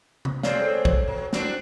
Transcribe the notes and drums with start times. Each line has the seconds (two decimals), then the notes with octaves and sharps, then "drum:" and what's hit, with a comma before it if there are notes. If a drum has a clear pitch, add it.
0.25 drum: tom
0.43 G#3 C4 C#5 D5 F5, drum: snare
0.62 A4 C#5
0.85 drum: kick
1.08 B2
1.33 C4 D4 F#4, drum: snare